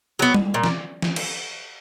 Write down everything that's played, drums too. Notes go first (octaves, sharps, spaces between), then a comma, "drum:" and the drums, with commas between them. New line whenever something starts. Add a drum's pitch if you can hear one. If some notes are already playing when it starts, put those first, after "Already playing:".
F#3 B3
drum: tom G3
A#2
drum: snare
drum: snare
drum: cymbal